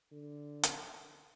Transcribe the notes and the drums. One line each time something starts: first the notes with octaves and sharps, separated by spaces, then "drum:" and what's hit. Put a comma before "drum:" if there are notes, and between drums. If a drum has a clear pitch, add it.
D3
drum: hi-hat